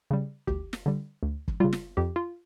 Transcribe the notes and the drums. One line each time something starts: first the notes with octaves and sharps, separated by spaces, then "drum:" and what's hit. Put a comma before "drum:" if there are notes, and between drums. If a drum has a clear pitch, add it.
C#3 G3
D2 G4, drum: kick
drum: snare
D3 G3
D2
drum: kick
C#3 G3 F4
drum: snare
F2 G4
F4